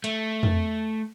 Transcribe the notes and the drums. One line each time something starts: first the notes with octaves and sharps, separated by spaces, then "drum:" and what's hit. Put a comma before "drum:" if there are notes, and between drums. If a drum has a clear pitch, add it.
A3, drum: hi-hat
drum: tom